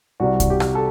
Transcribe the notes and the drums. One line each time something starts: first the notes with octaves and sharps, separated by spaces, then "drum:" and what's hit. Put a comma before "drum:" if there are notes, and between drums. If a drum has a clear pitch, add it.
C2 C3 G3 F#4
drum: kick C2, hi-hat
G4
drum: rim click
A4